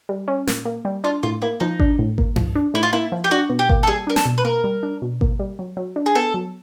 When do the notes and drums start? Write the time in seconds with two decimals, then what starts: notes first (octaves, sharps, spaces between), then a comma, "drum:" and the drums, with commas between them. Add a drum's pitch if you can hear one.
0.09 G3
0.28 C#4
0.47 A#2, drum: snare
0.65 A#3
0.85 G3
1.04 D4 F4
1.23 A2 F4
1.42 A#3 E4
1.60 F3 D#4
1.80 D4, drum: kick G#1
1.99 A2
2.18 A#3, drum: kick G#1
2.36 F3, drum: tom G2
2.55 D4
2.74 A2 E4
2.83 F4
2.93 A#3 E4
3.12 F3
3.24 G4
3.31 D4 F#4
3.49 B2
3.59 G4
3.69 A#3, drum: kick G#1
3.83 A4
3.87 G3 G#4
4.07 D4 A#4
4.16 A4, drum: snare
4.25 B2
4.38 B4
4.45 A#3 A#4
4.64 G3
4.83 D4
5.02 B2
5.21 A#3, drum: kick G#1
5.39 G3
5.59 F#3
5.77 F#3
5.96 D4
6.06 G#4
6.15 B3 A4
6.34 F#3